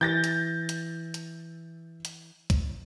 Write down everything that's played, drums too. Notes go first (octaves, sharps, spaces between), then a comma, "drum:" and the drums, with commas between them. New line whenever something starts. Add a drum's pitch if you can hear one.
E3 G6 A6 A#6
drum: hi-hat
drum: hi-hat
drum: hi-hat
drum: hi-hat
drum: kick C2, hi-hat